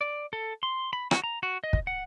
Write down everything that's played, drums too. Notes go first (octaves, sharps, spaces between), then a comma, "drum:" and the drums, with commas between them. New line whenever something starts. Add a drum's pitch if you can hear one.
D5
A4
C6
B5
F#4, drum: rim click
A#5
F#4
D#5
drum: kick
F#5